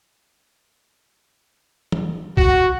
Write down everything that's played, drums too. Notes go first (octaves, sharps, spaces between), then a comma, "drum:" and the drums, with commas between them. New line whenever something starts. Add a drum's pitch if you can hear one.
drum: tom
F#4, drum: kick